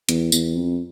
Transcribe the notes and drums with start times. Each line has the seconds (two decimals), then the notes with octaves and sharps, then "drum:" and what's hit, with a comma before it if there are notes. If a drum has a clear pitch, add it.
0.09 E2, drum: hi-hat
0.32 E2, drum: tambourine
0.55 F2